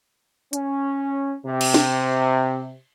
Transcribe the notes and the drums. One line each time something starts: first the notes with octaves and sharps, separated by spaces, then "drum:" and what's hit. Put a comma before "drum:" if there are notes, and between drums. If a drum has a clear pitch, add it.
C#4, drum: hi-hat
C3
drum: cymbal
drum: snare D4